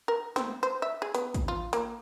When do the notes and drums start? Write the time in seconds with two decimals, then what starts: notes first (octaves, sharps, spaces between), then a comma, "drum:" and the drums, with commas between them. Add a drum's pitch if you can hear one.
0.08 A#4
0.36 C4, drum: snare
0.63 C5
0.82 E5
1.02 G#4
1.15 B3, drum: hi-hat
1.34 drum: kick, hi-hat
1.48 F4
1.73 A#3, drum: hi-hat